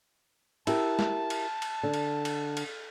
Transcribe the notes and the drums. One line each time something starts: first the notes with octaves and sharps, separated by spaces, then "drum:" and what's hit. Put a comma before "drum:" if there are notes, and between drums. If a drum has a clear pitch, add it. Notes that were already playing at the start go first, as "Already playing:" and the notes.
E4 G4 A#4 A5, drum: cymbal
drum: snare
drum: cymbal
drum: cymbal
D3
drum: cymbal
drum: cymbal
drum: cymbal